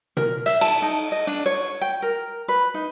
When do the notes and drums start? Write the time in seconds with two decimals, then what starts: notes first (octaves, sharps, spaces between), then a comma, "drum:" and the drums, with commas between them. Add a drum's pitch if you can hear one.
0.17 A#4, drum: tom B2
0.46 E5, drum: hi-hat
0.61 A5, drum: cymbal
0.82 D#4
1.12 D#5
1.27 D4
1.46 C#5
1.81 G5
2.02 A#4
2.48 B4
2.74 D#4